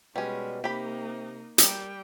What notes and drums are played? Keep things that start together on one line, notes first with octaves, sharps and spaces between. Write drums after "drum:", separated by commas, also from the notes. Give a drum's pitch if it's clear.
B2 G3 G#3 C#4
C3 A#3 D#4 G4 B5
G3 A#4 G5, drum: hi-hat